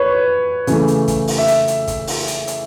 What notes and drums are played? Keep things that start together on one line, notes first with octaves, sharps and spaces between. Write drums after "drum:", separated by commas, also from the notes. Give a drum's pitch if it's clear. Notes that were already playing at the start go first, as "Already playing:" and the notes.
Already playing: B4 C#5
C#3 E3 A3, drum: hi-hat
drum: hi-hat
drum: kick, hi-hat
drum: open hi-hat
E5
drum: hi-hat
drum: hi-hat
drum: kick, hi-hat
drum: open hi-hat
drum: hi-hat
drum: hi-hat